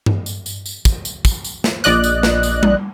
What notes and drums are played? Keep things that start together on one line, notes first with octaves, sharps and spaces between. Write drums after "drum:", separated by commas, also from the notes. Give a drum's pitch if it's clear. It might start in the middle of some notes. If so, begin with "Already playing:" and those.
drum: tom G2
drum: tambourine
drum: tambourine
drum: tambourine
drum: kick, tambourine
drum: tambourine
drum: kick, tambourine
drum: tambourine
drum: snare
A#1 D5 D#5 F#6, drum: tambourine
drum: tambourine
drum: snare
drum: tambourine
drum: tom G3